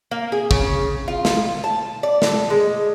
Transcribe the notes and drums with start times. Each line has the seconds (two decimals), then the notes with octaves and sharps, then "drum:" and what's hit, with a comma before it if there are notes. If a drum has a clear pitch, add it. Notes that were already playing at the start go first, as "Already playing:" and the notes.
0.11 A#3
0.32 G#4
0.51 C#3, drum: kick
1.08 F4
1.25 drum: snare
1.64 A5
2.03 D5
2.22 A4, drum: snare
2.50 G#3